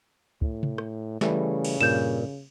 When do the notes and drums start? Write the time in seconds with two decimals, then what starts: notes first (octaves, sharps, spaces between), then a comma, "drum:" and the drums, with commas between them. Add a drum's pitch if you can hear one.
0.42 A2, drum: kick
0.63 drum: tom C3
0.78 drum: rim click
1.21 C#3 E3 G3 A3, drum: snare
1.64 drum: cymbal
1.81 G2 A#2 G6 E7